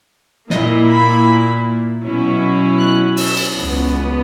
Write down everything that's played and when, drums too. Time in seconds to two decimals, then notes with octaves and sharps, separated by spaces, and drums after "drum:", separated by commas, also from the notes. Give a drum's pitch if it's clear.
0.50 A#2 A#3 E4 D#5, drum: snare
0.88 B5
2.02 B2 F#3 C#4 E4
2.79 F#6
3.17 E6, drum: open hi-hat
3.37 drum: cymbal
3.56 C#2 C#3 F#3 B3